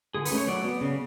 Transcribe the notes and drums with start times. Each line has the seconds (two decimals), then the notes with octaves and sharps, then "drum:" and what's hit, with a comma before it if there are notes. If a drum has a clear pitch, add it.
0.14 D3 G#4
0.25 B4, drum: open hi-hat
0.31 A3 C#4
0.38 C#5
0.48 F#3 D5
0.64 B3
0.81 C#3